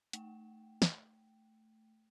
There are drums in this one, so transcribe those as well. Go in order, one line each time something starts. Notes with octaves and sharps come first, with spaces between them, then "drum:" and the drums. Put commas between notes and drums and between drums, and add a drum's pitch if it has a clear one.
A3 G5, drum: hi-hat
drum: snare